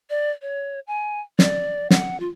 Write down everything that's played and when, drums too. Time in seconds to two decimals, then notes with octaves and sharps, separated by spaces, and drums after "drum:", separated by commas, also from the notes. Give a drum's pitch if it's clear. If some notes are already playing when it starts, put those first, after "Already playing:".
0.10 D5
0.42 C#5
0.87 G#5
1.39 D5, drum: snare
1.90 F#5, drum: snare
2.20 F4